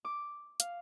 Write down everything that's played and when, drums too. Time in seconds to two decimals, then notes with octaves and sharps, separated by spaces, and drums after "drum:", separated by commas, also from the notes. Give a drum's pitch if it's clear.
0.05 D6
0.60 F5, drum: hi-hat